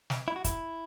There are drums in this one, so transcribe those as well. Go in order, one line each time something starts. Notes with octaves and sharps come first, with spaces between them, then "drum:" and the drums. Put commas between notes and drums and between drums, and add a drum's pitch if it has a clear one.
drum: snare
E4
F#4
E4, drum: kick, hi-hat